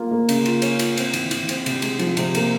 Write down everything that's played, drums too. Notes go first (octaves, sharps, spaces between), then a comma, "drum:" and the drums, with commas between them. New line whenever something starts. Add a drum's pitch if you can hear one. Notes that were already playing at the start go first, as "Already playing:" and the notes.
Already playing: A#3 F4
A#3
C#3, drum: cymbal
F4, drum: cymbal
C#4, drum: cymbal
F4, drum: cymbal
C4, drum: cymbal
E3, drum: cymbal
E3, drum: cymbal
C4, drum: cymbal
C3, drum: cymbal
G#3, drum: cymbal
F3, drum: cymbal
C3, drum: cymbal
A#3, drum: cymbal